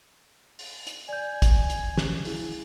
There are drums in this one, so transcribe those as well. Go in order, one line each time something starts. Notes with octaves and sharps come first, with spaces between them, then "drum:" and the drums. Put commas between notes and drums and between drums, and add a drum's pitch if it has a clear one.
drum: open hi-hat
drum: hi-hat
D5 G#5 G6
drum: kick, hi-hat
drum: hi-hat
drum: snare
E4 G#4, drum: open hi-hat